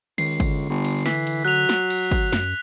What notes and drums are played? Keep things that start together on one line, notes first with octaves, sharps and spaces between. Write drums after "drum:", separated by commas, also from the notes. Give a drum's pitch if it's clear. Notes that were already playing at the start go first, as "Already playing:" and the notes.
C#2 D#3 C7, drum: cymbal
D3, drum: kick, cymbal
G1
drum: cymbal
E3 B6, drum: snare
drum: cymbal
F#3 F#6 F7
drum: snare
drum: cymbal
drum: kick, cymbal
F#2, drum: snare